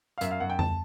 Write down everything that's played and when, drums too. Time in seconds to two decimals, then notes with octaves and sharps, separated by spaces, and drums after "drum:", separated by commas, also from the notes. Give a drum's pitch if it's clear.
0.18 F5
0.21 F#2 E5, drum: hi-hat
0.31 F5
0.40 F#2 F#5
0.50 G5
0.59 A5, drum: tom F2